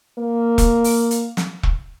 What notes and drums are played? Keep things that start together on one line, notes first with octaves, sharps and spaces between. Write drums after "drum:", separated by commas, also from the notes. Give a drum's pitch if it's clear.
A#3
drum: kick E1, hi-hat
drum: open hi-hat
drum: hi-hat
drum: snare
drum: kick E1